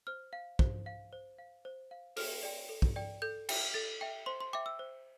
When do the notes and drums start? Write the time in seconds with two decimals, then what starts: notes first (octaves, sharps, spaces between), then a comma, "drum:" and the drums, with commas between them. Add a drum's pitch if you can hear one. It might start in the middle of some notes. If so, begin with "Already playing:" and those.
0.07 C5 F6
0.33 F5
0.59 C5, drum: kick
0.86 F5
1.13 C5
1.38 F5
1.65 C5
1.91 F5
2.16 A4 F6, drum: open hi-hat
2.43 D5 G5
2.69 A4
2.82 drum: kick
2.96 D5 G5
3.22 A4 G6
3.49 E5 G5, drum: cymbal
3.74 A4 A6
4.01 E5 G5
4.26 C5 C6
4.40 C6
4.53 E5 G5 D6
4.66 E6
4.79 C5